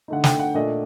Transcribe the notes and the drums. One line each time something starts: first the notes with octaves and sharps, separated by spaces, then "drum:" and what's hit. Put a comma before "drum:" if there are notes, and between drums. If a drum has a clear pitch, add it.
D3 A3 D#4 F#5
G5, drum: snare
F#5
A#2 A3 D4 D#5